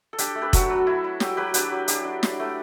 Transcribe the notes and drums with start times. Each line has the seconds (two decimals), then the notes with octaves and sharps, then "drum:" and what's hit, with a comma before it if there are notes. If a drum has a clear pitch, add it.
0.13 A4
0.18 D4 G4, drum: hi-hat
0.35 A3
0.42 G4 B4
0.53 F#3 F#4 A4, drum: kick F1, hi-hat
0.70 F#3
0.87 E4
1.04 E4
1.20 F#3 G4, drum: snare
1.37 F#3 G4 B4
1.54 D4 G4 B4, drum: hi-hat
1.71 F#3
1.88 D4 G4, drum: hi-hat
2.05 D4
2.23 D4, drum: snare
2.40 A3